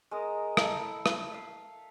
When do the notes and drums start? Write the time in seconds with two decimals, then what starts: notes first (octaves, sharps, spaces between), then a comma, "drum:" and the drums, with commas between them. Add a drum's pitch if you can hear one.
0.11 G#3 A#4 A#5 D#6
0.57 A4 D#5, drum: rim click
0.77 E4
1.06 drum: rim click
1.32 E5 F5